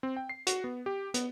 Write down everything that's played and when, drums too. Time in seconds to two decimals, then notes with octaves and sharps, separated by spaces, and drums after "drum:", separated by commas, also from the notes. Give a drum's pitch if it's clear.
0.03 C4
0.17 G5
0.29 C7
0.47 F#4, drum: hi-hat
0.64 B3
0.86 G4
1.14 B3, drum: hi-hat